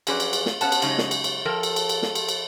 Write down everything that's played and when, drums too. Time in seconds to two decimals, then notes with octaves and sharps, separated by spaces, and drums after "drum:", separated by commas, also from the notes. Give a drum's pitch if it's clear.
0.07 F3 F#3 C#4 G#4 B4 D5, drum: cymbal
0.20 drum: cymbal
0.33 drum: cymbal
0.46 drum: snare
0.61 B3 C#4 F#5 A5, drum: cymbal
0.72 drum: cymbal
0.82 C#3 F#3 G#3 C#4 D#4, drum: cymbal
0.98 drum: snare
1.11 drum: cymbal
1.24 drum: cymbal
1.45 F3 A4 A#4 G5
1.63 drum: cymbal
1.76 drum: cymbal
1.89 drum: cymbal
2.02 drum: snare
2.15 drum: cymbal
2.28 drum: cymbal